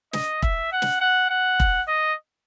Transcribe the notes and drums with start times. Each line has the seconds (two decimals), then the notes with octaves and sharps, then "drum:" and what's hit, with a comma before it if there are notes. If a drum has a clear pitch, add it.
0.13 D#5, drum: snare
0.42 E5, drum: kick
0.72 F#5
0.82 drum: snare
1.00 F#5
1.30 F#5
1.60 drum: kick
1.88 D#5